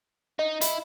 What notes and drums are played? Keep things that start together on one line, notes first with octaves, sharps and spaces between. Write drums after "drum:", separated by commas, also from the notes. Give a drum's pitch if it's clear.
D#4 D#5
E4, drum: hi-hat